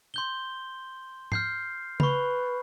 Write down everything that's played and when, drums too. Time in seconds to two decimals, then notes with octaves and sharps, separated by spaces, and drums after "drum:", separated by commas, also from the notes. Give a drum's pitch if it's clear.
0.14 C6 G6 G7
1.32 F6 G6 C7, drum: tom G#2
2.00 B4 B5 C#6, drum: tom C#3